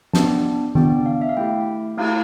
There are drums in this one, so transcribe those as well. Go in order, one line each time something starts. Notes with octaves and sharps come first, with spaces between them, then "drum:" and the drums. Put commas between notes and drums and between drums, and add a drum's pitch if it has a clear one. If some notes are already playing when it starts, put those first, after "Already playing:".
B3 D4 G4 A5, drum: snare
B3 D4 G4 G5, drum: tom D#3
F5
E5
F5
A3 E4 G4 G5
A3 E4 G4 F5, drum: cymbal